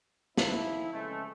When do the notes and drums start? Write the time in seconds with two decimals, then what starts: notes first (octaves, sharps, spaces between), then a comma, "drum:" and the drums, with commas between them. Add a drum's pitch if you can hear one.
0.37 F2 D#3 F3 C4 E4, drum: snare
0.92 F2 C#3 E3 G#3 A3